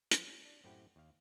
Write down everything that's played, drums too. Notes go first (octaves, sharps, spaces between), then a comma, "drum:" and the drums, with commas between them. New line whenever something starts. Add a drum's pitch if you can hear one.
F3 B3, drum: hi-hat
C#4
D4
F#2 A2 C4 E4 G4 F#5
D#2 F5